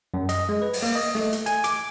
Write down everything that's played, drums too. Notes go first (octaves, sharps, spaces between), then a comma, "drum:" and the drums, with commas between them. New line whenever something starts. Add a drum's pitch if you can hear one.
F#2
D#5, drum: hi-hat
G#3
B4
drum: open hi-hat
A#3
D#5
A3, drum: snare
drum: hi-hat
G#5, drum: hi-hat
D6, drum: hi-hat